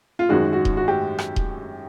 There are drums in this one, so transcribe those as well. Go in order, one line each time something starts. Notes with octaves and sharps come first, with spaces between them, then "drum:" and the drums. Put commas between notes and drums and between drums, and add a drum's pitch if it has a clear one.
F4
F#2 D#3 G#3 F#4
F#4
drum: kick D#1
F#4
G4
drum: rim click
drum: kick D#1